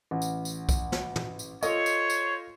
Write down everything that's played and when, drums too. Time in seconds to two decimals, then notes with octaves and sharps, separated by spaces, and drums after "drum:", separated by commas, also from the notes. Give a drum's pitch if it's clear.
0.11 A1
0.22 drum: tambourine
0.45 drum: tambourine
0.69 drum: kick B1, tambourine
0.92 drum: snare
1.16 drum: tom
1.39 drum: tambourine
1.63 F4 A4 C5 C#5 D#5, drum: tambourine
1.86 drum: tambourine
2.10 drum: tambourine